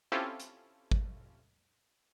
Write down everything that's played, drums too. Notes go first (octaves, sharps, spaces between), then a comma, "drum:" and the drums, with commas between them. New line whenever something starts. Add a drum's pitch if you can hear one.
C4 C#4 E4 F4 G4 A4
drum: hi-hat
drum: kick